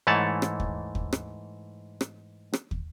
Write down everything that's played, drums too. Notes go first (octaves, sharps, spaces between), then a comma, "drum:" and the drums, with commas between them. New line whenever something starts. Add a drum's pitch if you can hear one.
G#2 E3 A3 C#5 F#5 A5
drum: rim click
drum: kick
drum: kick
drum: rim click
drum: rim click
drum: rim click
drum: kick